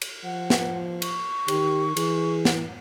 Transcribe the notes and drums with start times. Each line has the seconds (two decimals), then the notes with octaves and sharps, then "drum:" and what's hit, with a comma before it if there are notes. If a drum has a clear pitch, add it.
0.02 drum: cymbal
0.24 F3 F#5
0.50 drum: snare
1.02 C#6, drum: cymbal
1.48 D#3 G4, drum: cymbal
1.97 E3 G#4, drum: cymbal
2.45 drum: snare